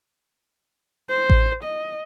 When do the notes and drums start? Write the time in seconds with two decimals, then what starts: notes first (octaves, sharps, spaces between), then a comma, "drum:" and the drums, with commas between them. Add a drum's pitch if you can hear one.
1.10 C5
1.30 drum: kick A1
1.64 D#5